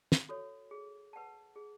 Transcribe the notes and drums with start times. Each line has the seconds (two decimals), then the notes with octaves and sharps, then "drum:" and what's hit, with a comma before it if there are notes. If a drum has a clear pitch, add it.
0.12 drum: snare
0.29 F#4 A4 C#5
0.71 G#4
1.13 B4 F#5 A5
1.56 G#4